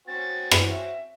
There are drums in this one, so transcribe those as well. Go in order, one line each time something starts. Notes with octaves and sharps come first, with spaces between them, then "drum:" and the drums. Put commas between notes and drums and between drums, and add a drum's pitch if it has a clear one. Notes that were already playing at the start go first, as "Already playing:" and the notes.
C4 C#4 F#4 A6
drum: rim click
E5